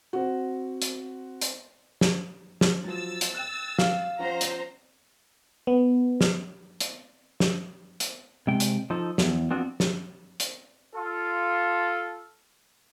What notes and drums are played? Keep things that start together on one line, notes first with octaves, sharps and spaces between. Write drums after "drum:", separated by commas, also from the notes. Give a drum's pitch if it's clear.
C4 F#4
drum: hi-hat
drum: hi-hat
drum: snare
drum: snare
F3 F#3 E6 A6
drum: hi-hat
G5 F#6
F5, drum: snare
F3 C#4 C5 F#5 A#5
drum: hi-hat
B3
drum: snare
drum: hi-hat
drum: snare
drum: hi-hat
C3 G#3 G5
drum: hi-hat
F3 D#4 A4
E2, drum: snare
F3 B3 C4 D4 F#4
drum: snare
drum: hi-hat
F4 A4